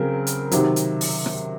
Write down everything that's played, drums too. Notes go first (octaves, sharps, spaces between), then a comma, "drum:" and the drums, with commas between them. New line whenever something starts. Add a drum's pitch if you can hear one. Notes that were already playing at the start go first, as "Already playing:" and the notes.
Already playing: C#3 F#3 C4 A#4
drum: hi-hat
C3 D#3 F#3, drum: hi-hat
drum: hi-hat
drum: open hi-hat
drum: rim click